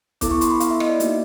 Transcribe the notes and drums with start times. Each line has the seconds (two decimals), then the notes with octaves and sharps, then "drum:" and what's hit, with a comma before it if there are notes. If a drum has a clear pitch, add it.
0.21 B3 E4 A4 D6, drum: kick, hi-hat
0.31 C#6
0.41 C6, drum: hi-hat
0.51 B5
0.60 F5, drum: hi-hat
0.70 E5
0.80 D#5, drum: rim click
0.90 D5
1.00 A#3 D#4 F#4, drum: hi-hat